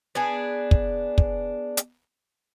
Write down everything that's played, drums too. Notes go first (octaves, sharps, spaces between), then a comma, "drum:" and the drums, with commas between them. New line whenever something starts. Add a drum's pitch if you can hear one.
B3 D4 G#4
drum: kick
drum: kick
drum: hi-hat